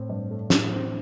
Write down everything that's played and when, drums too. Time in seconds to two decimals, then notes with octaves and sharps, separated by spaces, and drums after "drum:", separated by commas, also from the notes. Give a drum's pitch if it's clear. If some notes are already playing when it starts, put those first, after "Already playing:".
Already playing: A2 C4
0.09 G2
0.31 A3
0.50 E3, drum: snare
0.71 C4